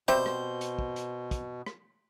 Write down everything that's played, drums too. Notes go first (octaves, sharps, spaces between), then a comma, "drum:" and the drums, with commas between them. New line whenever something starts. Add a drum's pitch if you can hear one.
B2 G3 C4 C5 E5
drum: rim click
drum: hi-hat
drum: kick
drum: hi-hat
drum: kick, hi-hat
drum: rim click